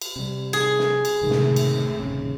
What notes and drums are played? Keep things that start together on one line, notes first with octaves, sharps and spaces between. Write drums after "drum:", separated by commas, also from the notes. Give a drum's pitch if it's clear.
drum: cymbal
C3 G3
G#4
drum: snare
drum: cymbal
F#1 A2 C3 D#3 G#3
drum: snare
drum: cymbal
D#1 D#2 C#3